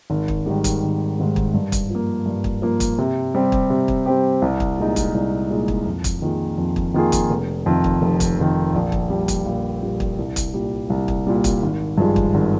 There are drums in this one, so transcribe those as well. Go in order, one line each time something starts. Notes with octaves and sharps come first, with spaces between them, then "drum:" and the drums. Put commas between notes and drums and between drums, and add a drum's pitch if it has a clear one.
G#1
drum: kick
G#2 D#3 G3
drum: kick, hi-hat
G#1
G#2 D#3 G3
drum: kick
G2
drum: kick, hi-hat
F3
A#3
G2
drum: kick
F3 A#3
drum: kick, hi-hat
C3
G3 C4 G4
drum: kick
C3
drum: kick
G3 C4 G4
C2
drum: kick
A#2 G#3 D#4
drum: kick, hi-hat
C2
A#2 G#3 D#4
drum: kick
F2
drum: kick, hi-hat
D#3 A#3 F4 G#4
F2
drum: kick
D#3 A#3 F4 G#4
drum: kick, hi-hat
F1
F2 D#3
drum: kick
F1
drum: kick, hi-hat
F2 D#3
A#1
drum: kick
A#2 G3
drum: kick, hi-hat
A#1
A#2 G3
drum: kick
C2
drum: kick, hi-hat
A#2 G3
C2
drum: kick
A#2 G3
drum: kick, hi-hat
G#1
G2 F3 G#3
drum: kick
G#1